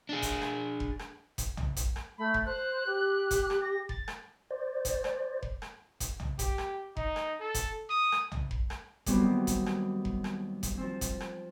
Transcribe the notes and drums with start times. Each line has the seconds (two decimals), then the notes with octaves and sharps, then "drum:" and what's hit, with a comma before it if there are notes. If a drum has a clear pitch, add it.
0.09 D4 G#4
0.22 drum: kick F1, hi-hat
0.42 drum: rim click
0.80 drum: kick F1
0.99 drum: rim click
1.38 drum: kick F1, hi-hat
1.57 drum: tom B1
1.76 drum: kick F1, hi-hat
1.96 drum: rim click
2.18 A3 B5
2.34 drum: kick F1
2.46 C5 F#6
2.87 G4
3.31 drum: kick F1, hi-hat
3.50 drum: rim click
3.61 A#6
3.89 A6, drum: kick F1
4.08 drum: rim click
4.51 C5 D5
4.85 drum: kick F1, hi-hat
5.04 drum: rim click
5.43 drum: kick F1
5.62 drum: rim click
6.00 drum: kick F1, hi-hat
6.20 drum: tom B1
6.39 G4, drum: kick F1, hi-hat
6.58 drum: rim click
6.97 D#4, drum: kick F1
7.16 drum: rim click
7.40 A4
7.54 drum: kick F1, hi-hat
7.90 D#6
8.12 drum: rim click
8.32 drum: tom B1
8.51 drum: kick F1
8.70 drum: rim click
9.06 D3 F#3 G3 B3 C4, drum: kick F1, hi-hat
9.22 D#2
9.47 drum: kick F1, hi-hat
9.66 drum: rim click
10.05 drum: kick F1
10.24 drum: rim click
10.63 drum: kick F1, hi-hat
10.77 F3 C4
11.01 drum: kick F1, hi-hat
11.20 drum: rim click